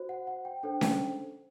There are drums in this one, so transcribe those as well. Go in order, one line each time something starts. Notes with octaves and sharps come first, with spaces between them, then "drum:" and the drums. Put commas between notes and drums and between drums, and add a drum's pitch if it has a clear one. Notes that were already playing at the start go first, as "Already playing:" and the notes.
Already playing: F#4 C5
F#5
F#5
G5
D4 A4 C5 G5
drum: snare C#4